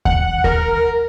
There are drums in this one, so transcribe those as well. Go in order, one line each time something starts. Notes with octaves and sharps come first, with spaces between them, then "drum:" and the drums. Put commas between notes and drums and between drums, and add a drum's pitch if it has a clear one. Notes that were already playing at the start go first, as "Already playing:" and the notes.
F#5, drum: kick D#2
A#4, drum: kick D#2